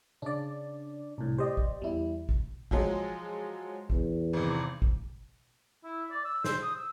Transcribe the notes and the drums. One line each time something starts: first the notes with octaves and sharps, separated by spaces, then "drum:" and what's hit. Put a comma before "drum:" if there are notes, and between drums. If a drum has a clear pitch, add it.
C#3 D4 D5
C2 A2
G4 C5 D5 D#5
drum: kick
E2 G3 E4
drum: kick
F3 F#3 G#3, drum: kick
E2, drum: kick
G#1 C3
drum: kick
E4
D5
E6
C5, drum: snare
D#6
E6